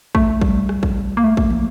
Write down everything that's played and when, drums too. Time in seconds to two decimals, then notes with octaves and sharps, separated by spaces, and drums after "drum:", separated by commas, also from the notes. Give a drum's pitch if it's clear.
0.15 A3, drum: kick
0.41 G3, drum: kick
0.69 drum: rim click
0.83 drum: kick
1.17 A#3
1.24 A3
1.37 drum: kick
1.50 A#3, drum: tom